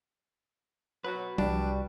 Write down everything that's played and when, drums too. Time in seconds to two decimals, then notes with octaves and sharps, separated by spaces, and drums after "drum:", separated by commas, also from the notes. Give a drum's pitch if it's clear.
1.04 F#3 F#4 B4
1.38 C2 G3 D4, drum: tom F3